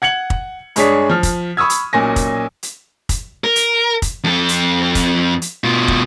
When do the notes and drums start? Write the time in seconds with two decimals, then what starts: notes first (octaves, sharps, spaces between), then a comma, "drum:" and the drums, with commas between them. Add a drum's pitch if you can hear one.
0.02 F#5 G#6 C#7 F#7
0.30 drum: kick
0.76 G2 G#3 G#4 C#5 D5 B6, drum: hi-hat
1.10 F3 F6
1.23 drum: kick, hi-hat
1.57 B5 C#6 D#6 E6 G#6
1.70 drum: hi-hat
1.93 B1 A#2 C#4 G#5 A#6
2.16 drum: kick, hi-hat
2.63 drum: hi-hat
3.09 drum: kick, hi-hat
3.44 A#4
3.56 drum: hi-hat
4.02 drum: kick, hi-hat
4.24 F2 A4
4.49 drum: hi-hat
4.95 drum: kick, hi-hat
5.42 drum: hi-hat
5.64 B2 F4
5.88 drum: kick